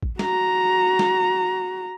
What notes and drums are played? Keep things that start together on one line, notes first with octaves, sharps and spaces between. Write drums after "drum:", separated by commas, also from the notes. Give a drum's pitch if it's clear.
drum: kick A1
F#4 A#5, drum: snare
drum: snare